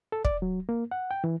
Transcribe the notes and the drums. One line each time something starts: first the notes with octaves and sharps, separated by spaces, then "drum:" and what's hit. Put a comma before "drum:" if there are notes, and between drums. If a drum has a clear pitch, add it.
A4
D5, drum: kick
F#3
A#3
F#5
G5
E3